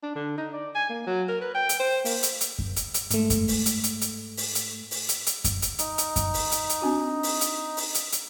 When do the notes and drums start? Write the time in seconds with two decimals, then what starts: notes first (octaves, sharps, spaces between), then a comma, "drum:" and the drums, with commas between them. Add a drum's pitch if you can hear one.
0.03 D4
0.15 D3
0.38 D#4
0.53 D5
0.75 G#5
0.89 A#3
1.07 F#3
1.29 A#4
1.41 B4
1.55 G5
1.69 drum: hi-hat
1.80 C5
2.05 A#3, drum: open hi-hat
2.23 drum: hi-hat
2.41 drum: hi-hat
2.59 drum: kick F#2
2.77 drum: hi-hat
2.94 drum: hi-hat
3.11 G#2 A3, drum: hi-hat
3.30 drum: kick F#2, hi-hat
3.48 drum: open hi-hat
3.66 drum: hi-hat
3.84 drum: hi-hat
4.02 drum: hi-hat
4.37 drum: open hi-hat
4.55 drum: hi-hat
4.91 drum: open hi-hat
5.09 drum: hi-hat
5.27 drum: hi-hat
5.45 drum: kick F#2, hi-hat
5.62 drum: hi-hat
5.79 D#4, drum: hi-hat
5.98 drum: hi-hat
6.16 drum: kick F#2, hi-hat
6.34 drum: open hi-hat
6.52 drum: hi-hat
6.70 drum: hi-hat
6.82 C4 D4 F#4
7.23 drum: open hi-hat
7.41 drum: hi-hat
7.77 drum: open hi-hat
7.95 drum: hi-hat
8.13 drum: hi-hat